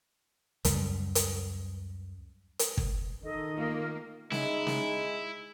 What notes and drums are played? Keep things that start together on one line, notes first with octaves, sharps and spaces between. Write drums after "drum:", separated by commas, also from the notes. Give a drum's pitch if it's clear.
C#2 F#2 G3, drum: hi-hat
drum: hi-hat
drum: hi-hat
drum: kick
D#3 A4 D#5
A#3 F4
G#3 D#4 E4, drum: snare
drum: snare